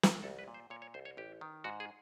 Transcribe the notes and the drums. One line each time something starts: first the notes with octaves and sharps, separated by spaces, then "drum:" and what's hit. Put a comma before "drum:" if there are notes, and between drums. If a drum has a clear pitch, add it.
drum: snare
C2 A4
B4
A#2
C5
A#2 C#5
C#5
C2 C5
C#5
A1 G4
D#3
G#2 F#4
G#4